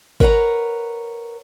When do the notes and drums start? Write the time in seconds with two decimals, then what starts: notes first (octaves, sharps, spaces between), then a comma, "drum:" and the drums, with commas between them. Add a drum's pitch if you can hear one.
0.20 A#4 B4 C#5 F5 F#5 A#5, drum: kick